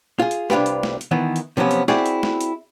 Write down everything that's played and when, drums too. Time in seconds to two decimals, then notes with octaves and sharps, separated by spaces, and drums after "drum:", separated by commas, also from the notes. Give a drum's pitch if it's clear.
0.19 F4 G#4
0.31 drum: hi-hat
0.50 C2 D4 F4 G4 B4, drum: snare
0.66 drum: hi-hat
0.83 drum: snare
1.01 drum: hi-hat
1.11 D#3 E3 B3
1.36 drum: hi-hat
1.57 C3 F3 F#3 B3 C#4
1.71 drum: hi-hat
1.88 C4 E4 F#4 G#4 D5, drum: snare
2.06 drum: hi-hat
2.23 drum: snare
2.41 drum: hi-hat